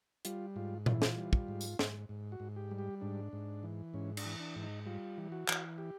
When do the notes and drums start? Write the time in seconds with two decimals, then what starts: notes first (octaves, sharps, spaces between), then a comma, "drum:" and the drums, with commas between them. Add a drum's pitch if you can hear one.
0.25 G3 F4, drum: hi-hat
0.56 G#2 F4
0.86 E3 F4, drum: tom A#2
0.94 E4
1.02 F4, drum: snare
1.17 G3
1.33 drum: kick
1.48 G#2
1.61 drum: tambourine
1.79 G#2, drum: snare
2.09 G#2
2.32 F#4
2.40 G#2
2.56 G4
2.71 G3
2.79 G4
3.01 G#2 D4
3.33 G#2
3.63 E3
3.94 G#2 C#4
4.17 D4, drum: cymbal
4.25 E3
4.40 D4
4.56 G#2
4.63 D#4
4.86 G3 F4
5.17 E3
5.32 F#4
5.48 E3, drum: clap
5.78 G4